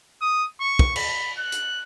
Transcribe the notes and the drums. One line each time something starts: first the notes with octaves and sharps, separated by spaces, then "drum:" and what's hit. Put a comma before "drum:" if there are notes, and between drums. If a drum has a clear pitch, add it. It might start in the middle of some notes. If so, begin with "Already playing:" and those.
D#6
C#6
drum: kick
B5, drum: cymbal
F#6
drum: hi-hat